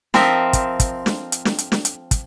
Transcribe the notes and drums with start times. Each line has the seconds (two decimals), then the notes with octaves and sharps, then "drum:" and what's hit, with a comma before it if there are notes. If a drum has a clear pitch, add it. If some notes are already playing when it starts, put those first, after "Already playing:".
0.14 F3 C4 A#4 C5 D#5 E5, drum: snare
0.53 drum: kick, hi-hat
0.80 drum: kick, hi-hat
1.06 drum: snare
1.32 drum: hi-hat
1.45 drum: snare
1.58 drum: hi-hat
1.72 drum: snare
1.85 drum: hi-hat
2.11 drum: kick, hi-hat